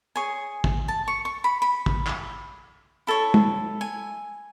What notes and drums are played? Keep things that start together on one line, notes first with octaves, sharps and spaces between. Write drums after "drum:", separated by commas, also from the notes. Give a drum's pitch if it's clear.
G#4 C#5 G#5
drum: kick
A5
C#6
C#6
B5
B5
drum: kick
drum: clap
E4 A4 C#5
drum: tom
G#5